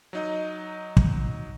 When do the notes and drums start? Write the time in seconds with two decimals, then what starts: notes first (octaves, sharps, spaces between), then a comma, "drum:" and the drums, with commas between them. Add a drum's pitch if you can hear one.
0.13 F#3 D#4 D#5
0.97 drum: kick